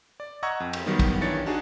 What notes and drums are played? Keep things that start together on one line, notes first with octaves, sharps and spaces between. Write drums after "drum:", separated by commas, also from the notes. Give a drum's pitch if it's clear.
D5
D#5 F#5 A#5 C#6 E6 G#6
F2
drum: cymbal
D#3 F#3 G3 B3
drum: kick, cymbal
D#3 E3 D4 C#5 A6 C#7
D4 D#4 F#4 G#4